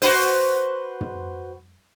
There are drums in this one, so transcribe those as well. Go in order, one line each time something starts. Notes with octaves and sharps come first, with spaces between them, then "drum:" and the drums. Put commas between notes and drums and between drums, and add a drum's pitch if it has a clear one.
F#4 B4 C5, drum: open hi-hat
drum: tom